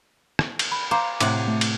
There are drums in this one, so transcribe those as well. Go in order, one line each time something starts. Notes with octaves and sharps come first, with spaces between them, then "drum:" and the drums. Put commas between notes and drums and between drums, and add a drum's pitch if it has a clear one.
drum: rim click
drum: cymbal
B5
C5 F5 A#5 D6
A2 C3 F#5 D6, drum: cymbal
A3
drum: cymbal